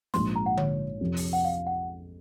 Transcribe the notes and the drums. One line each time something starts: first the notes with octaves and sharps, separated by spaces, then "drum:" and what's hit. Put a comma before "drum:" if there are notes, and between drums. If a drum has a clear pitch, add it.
A#1 G#2 F3 C6, drum: snare
A#5
F#5
C#5, drum: tom D3
F2 C3 F3
drum: open hi-hat
F#5
F5
F#5